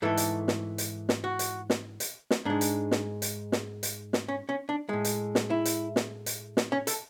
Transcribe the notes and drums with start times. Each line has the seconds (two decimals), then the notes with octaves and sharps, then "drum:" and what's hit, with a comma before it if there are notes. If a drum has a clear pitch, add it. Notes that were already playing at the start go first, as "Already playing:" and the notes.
0.02 G#2 E3 A3 A4
0.17 drum: hi-hat
0.48 drum: snare
0.78 drum: hi-hat
1.09 drum: snare
1.24 F#4
1.39 drum: hi-hat
1.70 drum: snare
2.00 drum: hi-hat
2.31 drum: snare
2.45 G#2 G#3 D4
2.61 drum: hi-hat
2.91 drum: snare
3.22 drum: hi-hat
3.52 drum: snare
3.83 drum: hi-hat
4.13 drum: snare
4.28 C#4
4.49 C#4
4.69 D4
4.89 A2 G#3
5.05 drum: hi-hat
5.35 drum: snare
5.50 E4
5.65 drum: hi-hat
5.96 drum: snare
6.26 drum: hi-hat
6.57 drum: snare
6.72 C#4
6.87 A4, drum: hi-hat